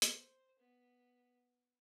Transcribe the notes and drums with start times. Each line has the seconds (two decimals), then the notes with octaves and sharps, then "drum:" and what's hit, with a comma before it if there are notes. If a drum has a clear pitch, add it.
0.02 drum: hi-hat
0.11 C5
0.59 B3